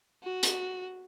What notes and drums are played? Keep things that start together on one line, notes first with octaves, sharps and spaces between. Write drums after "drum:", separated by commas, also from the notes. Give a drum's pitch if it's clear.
F#4
drum: hi-hat